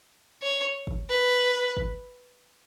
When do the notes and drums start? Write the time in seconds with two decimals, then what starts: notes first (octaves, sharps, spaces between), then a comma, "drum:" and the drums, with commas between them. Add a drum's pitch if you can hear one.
0.42 C#5
0.87 drum: kick
1.09 B4
1.77 drum: kick